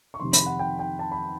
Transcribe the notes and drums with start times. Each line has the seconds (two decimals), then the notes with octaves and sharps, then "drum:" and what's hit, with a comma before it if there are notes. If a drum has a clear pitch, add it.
0.14 C#6
0.20 F2 C3 D#3 C6
0.33 B5, drum: hi-hat
0.46 F#5
0.59 G5
0.79 G5
0.99 A5
1.12 B5